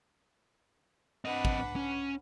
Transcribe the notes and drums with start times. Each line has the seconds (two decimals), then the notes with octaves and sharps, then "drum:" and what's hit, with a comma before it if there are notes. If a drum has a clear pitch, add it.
1.25 C4 D4 B4 D#5 F#5
1.45 drum: kick
1.76 C#4